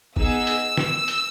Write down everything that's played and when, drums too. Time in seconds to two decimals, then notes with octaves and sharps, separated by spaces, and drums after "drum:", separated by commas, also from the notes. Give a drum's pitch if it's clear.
0.16 B3 D#4 G#4 E6, drum: kick G1
0.47 drum: hi-hat
0.77 drum: snare
1.08 drum: hi-hat